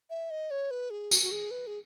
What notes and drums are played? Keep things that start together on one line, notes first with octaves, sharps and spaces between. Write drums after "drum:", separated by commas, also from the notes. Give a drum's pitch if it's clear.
E5
D#5
C#5
B4
G#4
F#4, drum: tambourine
F#4
G#4
B4
G#4